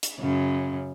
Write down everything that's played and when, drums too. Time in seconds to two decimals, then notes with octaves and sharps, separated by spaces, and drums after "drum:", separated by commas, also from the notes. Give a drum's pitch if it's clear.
0.03 drum: hi-hat
0.20 F#2 C#3